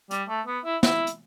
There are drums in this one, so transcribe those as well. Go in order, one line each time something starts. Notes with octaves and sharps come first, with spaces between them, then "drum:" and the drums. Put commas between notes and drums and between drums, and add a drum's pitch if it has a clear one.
G3, drum: hi-hat
A3
B3
E4
E4, drum: snare
drum: hi-hat